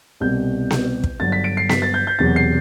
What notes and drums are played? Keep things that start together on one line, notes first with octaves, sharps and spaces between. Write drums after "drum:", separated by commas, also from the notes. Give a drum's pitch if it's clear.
C2 B2 G3 G6
drum: snare B3
drum: kick
G1 G2 F#3 A6
B6
D7
C7
B6, drum: snare B3
A6
G6
G6
E1 E2 C3 F#3 A6
C7